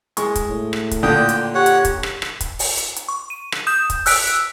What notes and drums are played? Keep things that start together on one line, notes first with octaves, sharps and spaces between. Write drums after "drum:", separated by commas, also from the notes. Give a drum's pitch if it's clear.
G#3 C#6, drum: hi-hat
drum: kick, hi-hat
A2
drum: rim click
drum: kick, hi-hat
A#2 D3 G5 D#6
drum: hi-hat
G4 C#5 F#5
drum: hi-hat
drum: kick, hi-hat
drum: rim click
drum: rim click
drum: kick, hi-hat
drum: open hi-hat
drum: hi-hat
drum: hi-hat
C#6
D#7
drum: rim click
D#6 G6 E7
drum: kick, hi-hat
E6 F#6 B6 D7, drum: open hi-hat
drum: hi-hat